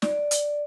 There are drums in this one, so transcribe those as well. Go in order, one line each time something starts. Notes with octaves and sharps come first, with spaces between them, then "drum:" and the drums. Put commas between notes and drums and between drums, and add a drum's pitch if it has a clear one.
D5, drum: snare
drum: hi-hat